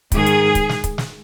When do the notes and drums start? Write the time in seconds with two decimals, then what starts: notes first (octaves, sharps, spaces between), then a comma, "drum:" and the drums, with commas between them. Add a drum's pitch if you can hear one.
0.12 G#2 D#3 G#4, drum: kick, hi-hat
0.26 drum: hi-hat
0.55 drum: kick, hi-hat
0.69 drum: snare
0.84 drum: kick, hi-hat
0.98 drum: snare